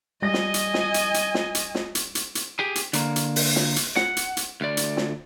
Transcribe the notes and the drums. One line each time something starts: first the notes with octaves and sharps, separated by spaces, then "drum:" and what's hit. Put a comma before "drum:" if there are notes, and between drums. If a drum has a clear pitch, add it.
G3 D#5 G#5 A#6
drum: snare
drum: hi-hat
drum: snare
drum: hi-hat
drum: hi-hat
drum: snare
drum: hi-hat
drum: snare
drum: hi-hat
drum: hi-hat
drum: hi-hat
G4 G#4
drum: hi-hat
D3 A#3, drum: hi-hat
drum: hi-hat
drum: open hi-hat
drum: snare
drum: hi-hat
F#5, drum: snare
drum: hi-hat
drum: hi-hat
D2 D5
drum: hi-hat
drum: snare